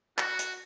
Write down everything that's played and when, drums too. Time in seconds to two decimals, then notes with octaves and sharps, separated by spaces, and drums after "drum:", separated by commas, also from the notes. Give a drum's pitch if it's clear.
0.18 F#4, drum: clap
0.39 drum: hi-hat